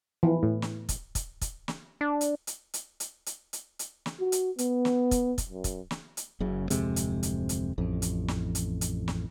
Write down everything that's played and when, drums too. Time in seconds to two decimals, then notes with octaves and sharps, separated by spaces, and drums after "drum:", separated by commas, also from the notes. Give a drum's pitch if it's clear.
0.23 E3 F3
0.43 A2
0.62 drum: snare
0.89 drum: kick, hi-hat
1.15 drum: kick, hi-hat
1.41 drum: kick, hi-hat
1.68 drum: snare
2.01 D4
2.21 drum: hi-hat
2.47 drum: hi-hat
2.74 drum: hi-hat
3.00 drum: hi-hat
3.26 drum: hi-hat
3.53 drum: hi-hat
3.79 drum: hi-hat
4.06 drum: snare
4.20 F#4
4.32 drum: hi-hat
4.58 B3, drum: hi-hat
4.85 drum: snare
5.11 drum: kick, hi-hat
5.38 drum: kick, hi-hat
5.49 F#2
5.64 drum: kick, hi-hat
5.91 drum: snare
6.17 drum: hi-hat
6.40 F#1 F#2 C#3
6.70 D1 F2 C3 G#3, drum: hi-hat
6.96 drum: hi-hat
7.23 drum: hi-hat
7.49 drum: hi-hat
7.78 A1 F2
8.02 drum: hi-hat
8.28 drum: snare
8.55 drum: hi-hat
8.81 drum: hi-hat
9.08 drum: snare